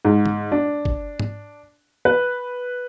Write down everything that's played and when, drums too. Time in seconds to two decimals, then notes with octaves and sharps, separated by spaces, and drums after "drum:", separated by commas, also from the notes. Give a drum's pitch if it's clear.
0.05 G#2
0.26 drum: tom D3
0.52 D4
0.85 drum: kick
1.20 drum: tom G#2
2.05 B4